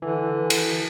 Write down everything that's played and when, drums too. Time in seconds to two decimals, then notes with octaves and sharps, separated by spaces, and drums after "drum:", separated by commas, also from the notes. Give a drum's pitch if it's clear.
0.02 D3 E3
0.50 drum: cymbal